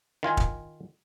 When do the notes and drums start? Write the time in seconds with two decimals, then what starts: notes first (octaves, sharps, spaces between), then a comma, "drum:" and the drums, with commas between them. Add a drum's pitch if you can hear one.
0.23 D#3 F4 G#5
0.37 drum: kick